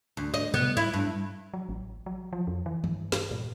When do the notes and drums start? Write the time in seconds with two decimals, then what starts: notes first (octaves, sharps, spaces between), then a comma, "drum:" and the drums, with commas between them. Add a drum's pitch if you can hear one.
0.17 D2
0.34 D#5
0.54 B3, drum: tom B2
0.77 E4
0.93 G2
1.54 F#3
1.69 A1
2.06 F#3
2.33 F3
2.47 F2
2.66 E3
2.84 G2, drum: tom
3.12 G2, drum: snare
3.31 A#2